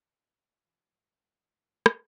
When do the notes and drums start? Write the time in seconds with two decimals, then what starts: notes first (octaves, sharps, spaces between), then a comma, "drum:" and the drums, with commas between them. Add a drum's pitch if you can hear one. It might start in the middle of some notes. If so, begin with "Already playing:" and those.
0.65 G#2 B2 E3 F3 F4
1.86 drum: rim click